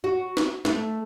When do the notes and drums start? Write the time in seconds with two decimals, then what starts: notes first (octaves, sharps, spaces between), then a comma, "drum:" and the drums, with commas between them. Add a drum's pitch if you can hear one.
0.04 F#4
0.37 drum: snare
0.65 A3, drum: snare